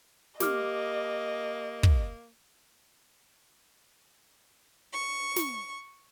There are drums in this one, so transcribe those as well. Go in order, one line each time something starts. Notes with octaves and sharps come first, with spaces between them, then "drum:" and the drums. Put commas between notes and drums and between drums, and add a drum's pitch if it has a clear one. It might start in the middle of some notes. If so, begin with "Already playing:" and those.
A#3 G4 D#5 D6 F6, drum: snare
drum: kick
C#6
drum: snare